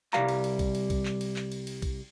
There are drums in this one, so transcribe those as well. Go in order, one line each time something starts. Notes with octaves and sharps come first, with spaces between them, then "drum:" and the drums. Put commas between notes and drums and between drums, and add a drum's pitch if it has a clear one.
C2 G3 F5 A#5, drum: clap
drum: cymbal
drum: cymbal
drum: kick, cymbal
drum: cymbal
drum: kick, cymbal
drum: clap
drum: cymbal
drum: clap
drum: cymbal
drum: cymbal
drum: kick, cymbal